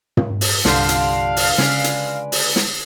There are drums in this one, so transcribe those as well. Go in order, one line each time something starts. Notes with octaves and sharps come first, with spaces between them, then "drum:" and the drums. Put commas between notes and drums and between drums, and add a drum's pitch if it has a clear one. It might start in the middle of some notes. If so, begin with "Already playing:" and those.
drum: tom
drum: open hi-hat
C2 G2 D3 D4 F4 G4 C5 F5, drum: snare
drum: hi-hat
drum: open hi-hat
C#3 G#3 C#4 B4 D5, drum: snare
drum: hi-hat
drum: open hi-hat
drum: snare